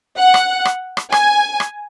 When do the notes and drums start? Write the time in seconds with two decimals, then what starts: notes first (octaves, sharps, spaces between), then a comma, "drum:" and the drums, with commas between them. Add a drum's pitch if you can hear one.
0.18 F#5
0.34 drum: rim click
0.65 drum: rim click
0.97 drum: rim click
1.12 G#5, drum: rim click
1.60 drum: rim click